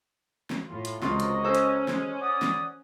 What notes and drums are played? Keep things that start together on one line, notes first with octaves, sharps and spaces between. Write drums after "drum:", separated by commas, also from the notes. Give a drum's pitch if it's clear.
drum: snare
A2 F4
drum: hi-hat
C#2 C3 F4 F#4 A#4 D#5, drum: snare
drum: hi-hat
C#4 A4 C5
drum: hi-hat
G#3, drum: snare
D5 F#5 D#6
drum: snare